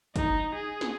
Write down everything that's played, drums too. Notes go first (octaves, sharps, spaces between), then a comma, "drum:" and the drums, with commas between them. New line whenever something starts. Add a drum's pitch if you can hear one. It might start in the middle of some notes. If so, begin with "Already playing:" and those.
D#4, drum: kick, hi-hat
G#4
drum: snare